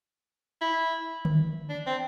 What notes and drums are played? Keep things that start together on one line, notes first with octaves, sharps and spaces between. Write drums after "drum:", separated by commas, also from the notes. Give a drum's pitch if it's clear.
E4
drum: tom D3
D4
C4